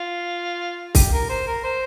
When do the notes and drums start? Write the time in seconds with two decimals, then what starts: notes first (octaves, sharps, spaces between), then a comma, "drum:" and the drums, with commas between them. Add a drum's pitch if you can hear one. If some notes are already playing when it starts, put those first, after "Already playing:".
Already playing: F4
0.95 G4, drum: kick, open hi-hat
1.12 A#4
1.29 C5
1.47 A#4
1.64 C5